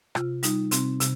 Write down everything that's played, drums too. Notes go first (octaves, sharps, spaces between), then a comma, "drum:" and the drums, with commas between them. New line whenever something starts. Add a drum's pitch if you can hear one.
C3 F4, drum: rim click
G3 D#4, drum: hi-hat
C3 C4, drum: hi-hat
C3, drum: hi-hat